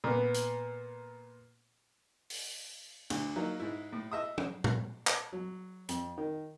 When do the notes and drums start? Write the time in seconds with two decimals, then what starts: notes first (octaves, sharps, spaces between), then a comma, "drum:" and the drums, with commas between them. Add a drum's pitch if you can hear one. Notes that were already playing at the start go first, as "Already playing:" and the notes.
0.04 A#2 B3
0.34 drum: hi-hat
2.30 drum: open hi-hat
3.10 D2 D3, drum: cymbal
3.36 F#3 A#3 D#4
3.60 G#2 E4
3.92 A2
4.11 D#5 E5 D#6
4.38 drum: tom
4.64 drum: tom A2
5.07 drum: clap
5.32 F#3
5.89 F2, drum: hi-hat
6.18 D#3